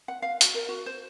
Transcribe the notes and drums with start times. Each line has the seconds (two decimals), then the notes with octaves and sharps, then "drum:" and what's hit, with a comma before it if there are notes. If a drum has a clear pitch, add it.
0.08 F#5
0.22 F5
0.41 F#4, drum: hi-hat
0.54 A#4
0.69 F#4
0.86 C5